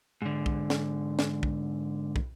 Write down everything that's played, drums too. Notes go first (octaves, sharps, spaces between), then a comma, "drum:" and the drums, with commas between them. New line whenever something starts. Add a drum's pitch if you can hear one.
G#2 D3
drum: kick
drum: snare
drum: snare
drum: kick
drum: kick